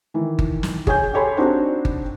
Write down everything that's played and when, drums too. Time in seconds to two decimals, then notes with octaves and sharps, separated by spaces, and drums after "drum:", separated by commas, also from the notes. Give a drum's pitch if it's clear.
0.14 D#3 E3
0.39 drum: kick G1
0.63 drum: snare
0.87 G#4 C#5 G#5 G6, drum: kick G1
1.13 G4 A4 C#5 G#5 B5 C6
1.37 C4 D4 D#4 F#4 G4 C5
1.85 drum: kick G1